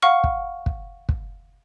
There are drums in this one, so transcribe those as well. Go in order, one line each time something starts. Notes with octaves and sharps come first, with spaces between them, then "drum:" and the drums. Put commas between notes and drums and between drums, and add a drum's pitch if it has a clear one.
F5 F#5 C#6 F6
drum: kick
drum: kick
drum: kick